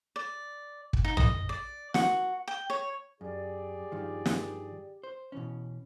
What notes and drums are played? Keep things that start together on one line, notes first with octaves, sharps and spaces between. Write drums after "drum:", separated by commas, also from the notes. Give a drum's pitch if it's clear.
D5
drum: kick
D#4
D#5, drum: tom A#1
D5
F#4, drum: snare
G5
C#5
F#2 G4 G#4 D5
G2 D#3 F3
drum: snare
C5
B2 E3 C#4